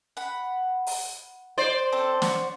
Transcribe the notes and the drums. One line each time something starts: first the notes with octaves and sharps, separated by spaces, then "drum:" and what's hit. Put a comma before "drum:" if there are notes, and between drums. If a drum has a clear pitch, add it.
F#5 B5
drum: open hi-hat
C5 D5
C4 A4
F#4, drum: snare